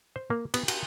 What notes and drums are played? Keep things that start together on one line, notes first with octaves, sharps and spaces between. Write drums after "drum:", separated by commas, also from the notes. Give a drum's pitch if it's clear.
C5
A#3
B3, drum: cymbal
F#4, drum: cymbal